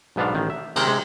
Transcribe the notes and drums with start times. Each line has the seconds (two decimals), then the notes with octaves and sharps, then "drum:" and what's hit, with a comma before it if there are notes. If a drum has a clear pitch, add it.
0.16 B1 G#2 B3 D4 F5
0.34 A1 D#3
0.50 E5
0.76 C3 D#3 G#3 C4 A#4, drum: cymbal
0.87 C3 G#3